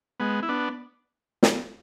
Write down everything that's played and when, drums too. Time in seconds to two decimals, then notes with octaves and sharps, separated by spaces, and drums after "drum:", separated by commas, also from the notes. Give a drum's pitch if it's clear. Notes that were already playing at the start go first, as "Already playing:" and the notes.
0.20 G#3 B3
0.43 E4
0.49 B3 D4
1.43 drum: snare